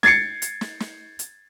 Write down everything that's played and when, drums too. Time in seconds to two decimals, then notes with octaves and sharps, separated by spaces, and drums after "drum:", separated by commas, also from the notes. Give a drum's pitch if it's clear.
0.03 G#6 A6 C7 C#7, drum: snare
0.42 drum: hi-hat
0.61 drum: snare
0.80 drum: snare
1.19 drum: hi-hat